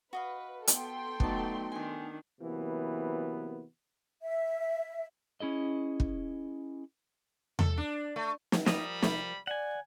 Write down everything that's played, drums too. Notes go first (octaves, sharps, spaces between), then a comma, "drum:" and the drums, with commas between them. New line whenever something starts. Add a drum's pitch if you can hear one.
F#4 B4 D#5 F5
B3 A4 G5 C6, drum: hi-hat
F#3 A3 B3 D#4 D5 A5, drum: kick
D#3 D4 D#5 G#5
C3 E3 F#3 A#3 B3
E5
C#4 E4 G#4 D#5
drum: kick
A4, drum: tom E2
D4
A3
drum: snare
A#2 F3 G3 A#4 B5 D#6, drum: snare
C3 G#3 A3, drum: snare
D5 F#5 G#5